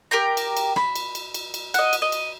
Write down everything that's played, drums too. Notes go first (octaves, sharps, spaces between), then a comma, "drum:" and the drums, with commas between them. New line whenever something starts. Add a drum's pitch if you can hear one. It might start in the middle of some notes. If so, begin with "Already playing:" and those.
G4 A#4 G5 A#5
drum: cymbal
drum: cymbal
B5, drum: rim click
drum: cymbal
drum: cymbal
drum: cymbal
drum: cymbal
D#5 F#5, drum: cymbal
drum: cymbal
D#5
drum: cymbal